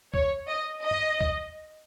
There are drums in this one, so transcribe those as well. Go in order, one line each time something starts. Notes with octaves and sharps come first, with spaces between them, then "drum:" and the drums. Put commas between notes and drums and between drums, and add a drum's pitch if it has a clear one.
C#5, drum: kick C2
D#5
D#5
drum: tom G2
drum: kick C2